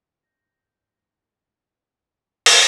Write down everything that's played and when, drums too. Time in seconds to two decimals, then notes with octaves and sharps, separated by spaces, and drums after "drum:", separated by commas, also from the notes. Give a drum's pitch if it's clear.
0.23 G#2 G6 A#6
2.46 drum: open hi-hat